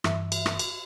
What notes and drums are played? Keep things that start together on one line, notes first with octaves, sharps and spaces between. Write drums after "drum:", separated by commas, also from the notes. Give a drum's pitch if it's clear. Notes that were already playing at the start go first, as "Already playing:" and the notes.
G2 E3 E5, drum: rim click
drum: cymbal
drum: rim click
drum: cymbal